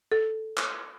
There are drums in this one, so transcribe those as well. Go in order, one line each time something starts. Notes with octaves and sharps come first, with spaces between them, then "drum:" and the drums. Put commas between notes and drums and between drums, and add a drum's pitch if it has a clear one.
A4
drum: clap